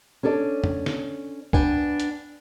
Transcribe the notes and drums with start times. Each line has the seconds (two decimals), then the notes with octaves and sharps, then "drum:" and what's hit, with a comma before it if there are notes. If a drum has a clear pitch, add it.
0.23 C#4 D4 A4 D5
0.64 drum: tom
0.86 drum: snare
1.53 B3 D4 G5 G#5, drum: kick C2
2.00 drum: hi-hat